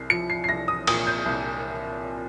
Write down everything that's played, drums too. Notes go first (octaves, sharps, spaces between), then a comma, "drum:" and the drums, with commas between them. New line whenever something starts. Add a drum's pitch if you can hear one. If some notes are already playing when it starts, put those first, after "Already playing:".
Already playing: C2 C7
F3 C#7
C7
C7
C2 A#6
D#6
A#2 D#6, drum: cymbal
G6
C2